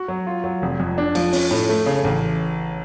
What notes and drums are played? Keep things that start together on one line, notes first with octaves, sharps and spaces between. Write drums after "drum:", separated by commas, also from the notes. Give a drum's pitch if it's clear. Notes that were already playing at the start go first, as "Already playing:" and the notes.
Already playing: F#4
F#3
F4
F#3
F1
F2
D4
F3, drum: cymbal
C#4, drum: open hi-hat
A2
A3
C#3
A1